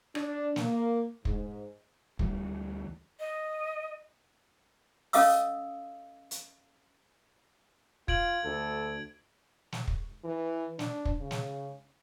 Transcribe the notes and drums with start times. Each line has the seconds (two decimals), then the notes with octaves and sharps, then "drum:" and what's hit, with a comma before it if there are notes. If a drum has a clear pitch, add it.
0.15 D4, drum: rim click
0.56 A#3, drum: snare
1.25 G#2, drum: kick
2.19 D2 E3 G3, drum: kick
3.20 D#5
5.13 C#4 A4 D#5 F5 D#6 E6, drum: open hi-hat
6.31 drum: hi-hat
8.08 F4 G#6 D7 F#7, drum: kick
8.45 D2 A4
9.72 drum: snare
9.88 drum: kick
10.24 E3
10.79 D4, drum: snare
11.05 drum: kick
11.21 C#3
11.31 drum: snare